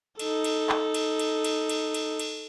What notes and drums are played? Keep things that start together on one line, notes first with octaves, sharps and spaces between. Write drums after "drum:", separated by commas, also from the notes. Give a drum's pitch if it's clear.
D#4 A4, drum: cymbal
drum: cymbal
drum: clap
drum: cymbal
drum: cymbal
drum: cymbal
drum: cymbal
drum: cymbal
drum: cymbal